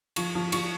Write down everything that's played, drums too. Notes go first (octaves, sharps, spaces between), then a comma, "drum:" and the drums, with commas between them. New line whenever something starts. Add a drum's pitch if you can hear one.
F3 C#6, drum: cymbal
F3
F3 C#6, drum: cymbal